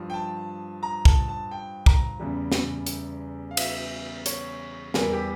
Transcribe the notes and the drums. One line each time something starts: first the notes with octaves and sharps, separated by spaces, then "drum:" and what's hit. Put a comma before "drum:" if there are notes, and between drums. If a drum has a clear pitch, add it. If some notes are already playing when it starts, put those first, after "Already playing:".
Already playing: G2 F3
G5
A5
A#5
A5, drum: kick
A5
G5
A#5, drum: kick
E2 C#3 G3
drum: snare
drum: hi-hat
F5
E5, drum: cymbal
C#5, drum: hi-hat
E2 E3 G3 A#4, drum: snare
G4